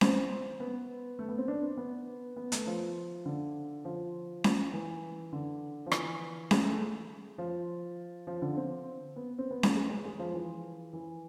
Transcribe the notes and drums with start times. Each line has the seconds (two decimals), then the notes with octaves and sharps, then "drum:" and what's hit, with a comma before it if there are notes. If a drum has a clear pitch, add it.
0.01 C4, drum: snare C#4
0.60 B3
1.19 A3
1.29 B3
1.38 C4
1.48 D4
1.63 C4
1.77 B3
2.36 B3
2.52 A3, drum: hi-hat
2.67 F3
3.26 D3
3.85 F3
4.44 drum: snare C#4
4.73 E3
5.33 D3
5.86 F3
5.92 E3, drum: rim click
6.51 G#3, drum: snare C#4
6.65 A3
7.38 F3
8.27 F3
8.42 D3
8.57 C4
9.16 B3
9.38 C4
9.51 B3
9.63 A3, drum: snare C#4
9.75 G#3
9.90 G#3
10.05 G#3
10.19 F3
10.34 E3
10.93 E3